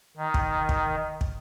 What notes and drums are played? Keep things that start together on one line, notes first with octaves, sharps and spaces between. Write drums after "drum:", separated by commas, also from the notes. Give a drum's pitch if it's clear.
D#3
drum: kick
drum: kick
drum: kick